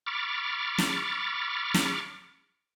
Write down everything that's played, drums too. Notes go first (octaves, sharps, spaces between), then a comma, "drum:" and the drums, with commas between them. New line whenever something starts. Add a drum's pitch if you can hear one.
B5 C#6 D6 F6 A6
drum: snare
drum: snare